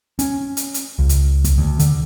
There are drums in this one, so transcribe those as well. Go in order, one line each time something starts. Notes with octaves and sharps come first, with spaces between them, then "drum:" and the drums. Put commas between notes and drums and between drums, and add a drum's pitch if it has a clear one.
C#4, drum: hi-hat
drum: hi-hat
drum: hi-hat
C#2
drum: hi-hat
drum: kick, hi-hat
D2
D3, drum: hi-hat